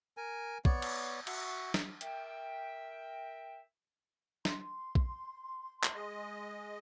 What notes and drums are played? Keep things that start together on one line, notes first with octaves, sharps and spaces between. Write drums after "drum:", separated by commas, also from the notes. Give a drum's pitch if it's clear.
A#4 G#5
B3 C#5 D5, drum: kick A#1
drum: cymbal
F#4 E5 C#6, drum: cymbal
drum: snare
A#4 E5 G5, drum: hi-hat
C6, drum: snare
drum: kick A#1
drum: clap
G#3 D#5